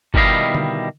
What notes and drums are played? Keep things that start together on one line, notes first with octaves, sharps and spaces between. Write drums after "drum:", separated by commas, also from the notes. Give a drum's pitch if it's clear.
B2 D#3 G3 E4 D#5 F5, drum: kick G1
drum: tom D3